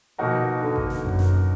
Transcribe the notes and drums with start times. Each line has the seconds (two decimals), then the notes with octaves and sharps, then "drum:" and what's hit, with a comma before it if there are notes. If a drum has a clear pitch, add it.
0.18 B2 F3 A#3 D#4 F#4 A#4
0.62 D3
0.76 drum: kick G1
0.90 drum: snare
1.05 F#2, drum: kick G1
1.19 drum: snare